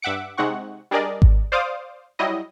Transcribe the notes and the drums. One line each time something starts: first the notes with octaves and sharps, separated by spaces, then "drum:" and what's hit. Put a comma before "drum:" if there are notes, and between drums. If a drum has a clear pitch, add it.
G2 E5 F#5 D6 C#7
C3 G#3 D#4 F#5 C#6
G3 D4 G#4 A#4 D5 D#5
drum: kick G#1
C5 D5 F5 D6 D#6
F#3 G3 E4 D#5